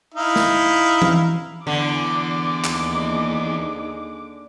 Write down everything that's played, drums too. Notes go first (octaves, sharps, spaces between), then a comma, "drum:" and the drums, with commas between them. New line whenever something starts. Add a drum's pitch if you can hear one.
D#4 E4 F5
drum: snare
drum: tom E3
E2 D3 D6
D#2 D#4 G#4, drum: clap